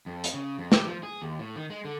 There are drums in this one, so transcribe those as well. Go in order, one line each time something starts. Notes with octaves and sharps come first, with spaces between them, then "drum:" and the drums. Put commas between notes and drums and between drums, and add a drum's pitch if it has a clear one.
F2
drum: hi-hat
C#3
F2
G4, drum: snare
F3
G#4
D#2
A2
D#3
G#3
D3